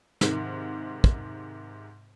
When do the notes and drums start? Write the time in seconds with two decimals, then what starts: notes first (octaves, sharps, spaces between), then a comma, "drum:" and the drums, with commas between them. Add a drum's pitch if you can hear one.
0.21 G#2 C3 D#3, drum: snare
1.04 drum: kick